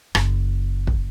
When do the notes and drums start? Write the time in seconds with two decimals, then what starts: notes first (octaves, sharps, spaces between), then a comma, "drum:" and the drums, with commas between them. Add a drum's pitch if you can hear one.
0.15 F#1, drum: rim click
0.87 drum: kick